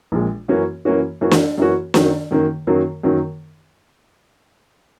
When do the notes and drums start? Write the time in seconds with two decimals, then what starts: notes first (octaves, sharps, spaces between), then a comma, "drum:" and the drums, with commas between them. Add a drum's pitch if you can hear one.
0.12 A#1 A#2 G#3
0.48 F#2 E3 A#3 C#4 F#4
0.85 F#2 E3 A#3 C#4 F#4
1.21 F#2 E3 A#3 C#4 F#4
1.31 drum: snare
1.58 F#2 E3 A#3 C#4 F#4
1.94 F#2 D#3 F#3 A#3, drum: snare
2.31 F#2 D#3 F#3 A#3
2.67 F#2 D#3 F#3 A#3
3.03 F#2 D#3 F#3 A#3